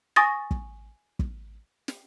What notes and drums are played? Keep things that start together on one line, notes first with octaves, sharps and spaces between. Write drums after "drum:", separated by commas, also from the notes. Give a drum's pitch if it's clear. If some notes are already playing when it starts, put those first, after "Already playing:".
G#5 C#6 D#6 A6 A#6
drum: kick
drum: kick
drum: snare